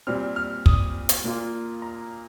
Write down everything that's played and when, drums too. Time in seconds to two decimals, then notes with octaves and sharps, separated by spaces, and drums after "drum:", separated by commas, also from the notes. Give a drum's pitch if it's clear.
0.07 A#2 G3 C4 F6
0.36 F6
0.66 D#6, drum: kick
1.09 drum: hi-hat
1.24 A#2 A#3 F4
1.82 A#5